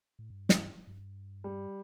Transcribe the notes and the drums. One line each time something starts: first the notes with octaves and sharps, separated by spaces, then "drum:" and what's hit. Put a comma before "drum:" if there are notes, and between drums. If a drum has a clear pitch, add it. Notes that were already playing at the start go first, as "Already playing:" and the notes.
A2
G2
drum: snare
G2
G3